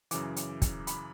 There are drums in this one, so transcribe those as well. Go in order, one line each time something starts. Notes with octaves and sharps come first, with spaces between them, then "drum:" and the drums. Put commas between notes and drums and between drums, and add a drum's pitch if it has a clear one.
F#2 C#3 E3 D6, drum: hi-hat
drum: hi-hat
drum: kick, hi-hat
B5, drum: hi-hat